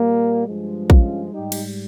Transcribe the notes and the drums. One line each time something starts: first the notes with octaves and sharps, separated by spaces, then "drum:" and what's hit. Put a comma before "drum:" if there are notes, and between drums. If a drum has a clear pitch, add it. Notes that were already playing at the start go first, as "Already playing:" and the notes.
Already playing: A#2 G3 A#3
G2 F3 G#3
C#4 F4, drum: kick
G#2 G3 D#4 G4
drum: cymbal